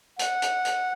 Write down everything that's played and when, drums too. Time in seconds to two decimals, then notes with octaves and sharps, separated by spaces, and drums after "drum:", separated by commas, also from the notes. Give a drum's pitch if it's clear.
0.19 F#5, drum: hi-hat
0.42 drum: hi-hat
0.65 drum: hi-hat